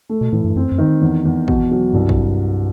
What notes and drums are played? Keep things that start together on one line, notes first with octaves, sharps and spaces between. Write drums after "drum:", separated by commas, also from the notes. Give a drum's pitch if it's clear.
A3
B2
A2 E3
G2
F#2 C4
F#2
D#3
E2
E2
B2, drum: kick
F#3
C2 G2
drum: kick